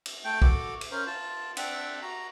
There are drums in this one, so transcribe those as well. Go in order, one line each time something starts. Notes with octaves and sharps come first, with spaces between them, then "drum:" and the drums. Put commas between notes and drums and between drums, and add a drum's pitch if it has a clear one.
drum: cymbal
A3 G5
F#4 A4 D6, drum: kick
drum: cymbal
C#4 A#4 C5
F4 A5
C4 D4 E5 F#5, drum: cymbal
F#4 A#5